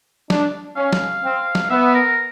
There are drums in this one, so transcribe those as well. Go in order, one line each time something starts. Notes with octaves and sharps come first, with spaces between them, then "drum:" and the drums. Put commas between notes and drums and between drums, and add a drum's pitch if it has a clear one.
D4, drum: snare F#3
C#4 F5
drum: snare F#3
C4
drum: snare F#3
B3 E5
A#4